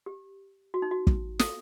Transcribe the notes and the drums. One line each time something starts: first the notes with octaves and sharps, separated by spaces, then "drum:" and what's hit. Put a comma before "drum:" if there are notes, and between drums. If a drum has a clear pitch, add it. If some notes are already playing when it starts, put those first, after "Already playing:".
G4
F#4
D#4
F#4
drum: kick
A4, drum: snare